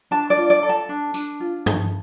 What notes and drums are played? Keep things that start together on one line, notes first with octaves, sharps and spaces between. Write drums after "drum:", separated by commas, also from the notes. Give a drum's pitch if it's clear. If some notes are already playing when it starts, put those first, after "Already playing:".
D4 A5
D5
F4
D5
A4
A5
D4
D4, drum: tambourine
F4
A4, drum: tom